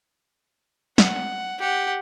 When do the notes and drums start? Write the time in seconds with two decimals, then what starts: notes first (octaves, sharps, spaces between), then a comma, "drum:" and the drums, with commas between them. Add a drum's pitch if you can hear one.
0.98 F#5, drum: snare
1.59 G4 F#5